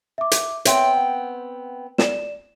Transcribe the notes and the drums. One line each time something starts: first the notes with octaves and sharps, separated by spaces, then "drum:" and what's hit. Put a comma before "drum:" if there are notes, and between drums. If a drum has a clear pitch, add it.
E5 D6
drum: hi-hat
B3 C4 C#5 E5 G5 C6, drum: hi-hat
F#5
D5 E7, drum: snare